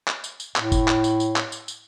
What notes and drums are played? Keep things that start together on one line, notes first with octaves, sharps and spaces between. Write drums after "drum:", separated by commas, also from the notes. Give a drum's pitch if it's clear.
drum: clap
drum: tambourine
drum: tambourine
A2, drum: clap
drum: kick, tambourine
drum: clap
drum: tambourine
drum: tambourine
drum: clap
drum: tambourine
drum: tambourine